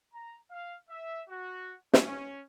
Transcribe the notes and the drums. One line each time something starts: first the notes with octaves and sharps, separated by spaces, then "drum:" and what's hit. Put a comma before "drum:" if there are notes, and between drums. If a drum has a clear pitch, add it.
A#5
F5
E5
F#4
C#4, drum: snare